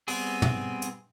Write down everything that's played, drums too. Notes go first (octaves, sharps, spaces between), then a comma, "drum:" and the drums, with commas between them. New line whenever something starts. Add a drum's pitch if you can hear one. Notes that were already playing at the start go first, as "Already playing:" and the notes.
G3 B3 C4 G#4, drum: open hi-hat
drum: tom
drum: hi-hat